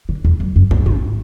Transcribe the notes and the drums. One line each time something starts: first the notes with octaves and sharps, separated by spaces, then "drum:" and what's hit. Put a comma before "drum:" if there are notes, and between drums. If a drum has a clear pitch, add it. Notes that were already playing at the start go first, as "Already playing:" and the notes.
D3
E2
F#2
F#2
G#2, drum: kick
G#2, drum: tom